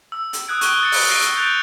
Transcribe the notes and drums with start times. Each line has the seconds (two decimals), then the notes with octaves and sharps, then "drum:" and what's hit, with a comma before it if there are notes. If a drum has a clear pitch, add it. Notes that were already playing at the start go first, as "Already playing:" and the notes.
0.12 E6
0.33 drum: hi-hat
0.48 D#6 E6 F#6 G#6 D7
0.61 C#6 F#6 D7 D#7 G7, drum: hi-hat
0.81 D#6 A6 C#7
0.92 drum: open hi-hat
1.10 A#6 C7 D7 D#7
1.22 drum: hi-hat
1.36 F#6 G6 A6 D7 F7